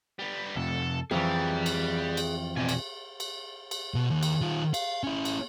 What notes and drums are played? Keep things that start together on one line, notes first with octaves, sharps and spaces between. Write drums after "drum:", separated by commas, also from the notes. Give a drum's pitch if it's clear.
G3 B3
F2 C3 A4
F2 E3 G3 G#4 E5
drum: cymbal
drum: cymbal
B2 C4 D5 G#5
drum: cymbal
drum: cymbal
drum: cymbal
B2
D#2
drum: cymbal
D#3 F4
F5, drum: cymbal
C#4 E4
drum: cymbal